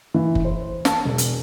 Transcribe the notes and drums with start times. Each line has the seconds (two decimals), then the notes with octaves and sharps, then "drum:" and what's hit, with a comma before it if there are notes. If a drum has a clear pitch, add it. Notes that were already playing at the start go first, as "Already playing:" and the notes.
0.14 E3
0.35 drum: kick F#1
0.45 C5
0.85 A5, drum: snare
1.05 E1
1.18 drum: hi-hat